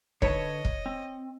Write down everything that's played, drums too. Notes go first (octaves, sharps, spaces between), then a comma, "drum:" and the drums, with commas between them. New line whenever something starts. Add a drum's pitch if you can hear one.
D3 B4 C#5 D#5 A5, drum: kick
drum: kick
C4